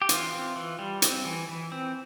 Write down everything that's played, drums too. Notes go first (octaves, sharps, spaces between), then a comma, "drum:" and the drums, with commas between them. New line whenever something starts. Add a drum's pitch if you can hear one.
G4
E3 F4, drum: hi-hat
C4
E3
G3
C4, drum: hi-hat
E3
E3
C4